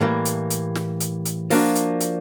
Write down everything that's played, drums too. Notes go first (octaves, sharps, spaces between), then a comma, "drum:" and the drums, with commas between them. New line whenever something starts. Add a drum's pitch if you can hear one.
A2 E3 G3 A#3
drum: hi-hat
drum: hi-hat
drum: snare
drum: hi-hat
drum: hi-hat
F3 A#3 D4 F#4, drum: open hi-hat
drum: hi-hat
drum: hi-hat